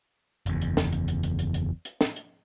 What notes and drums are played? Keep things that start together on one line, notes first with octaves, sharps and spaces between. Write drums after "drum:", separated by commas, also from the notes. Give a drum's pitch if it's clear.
F#1 E2, drum: hi-hat
drum: hi-hat
drum: snare
drum: hi-hat
drum: hi-hat
drum: hi-hat
drum: hi-hat
drum: hi-hat
drum: hi-hat
drum: snare
drum: hi-hat